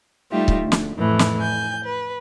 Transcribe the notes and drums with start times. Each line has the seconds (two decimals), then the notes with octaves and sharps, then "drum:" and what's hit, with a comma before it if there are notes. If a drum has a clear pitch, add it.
0.31 G3 A3 D#4 F4 G4 E5
0.48 drum: kick C#1
0.62 D2
0.72 drum: snare
0.95 F2 A2 E3
1.19 drum: snare
1.38 G#5 G6
1.83 B4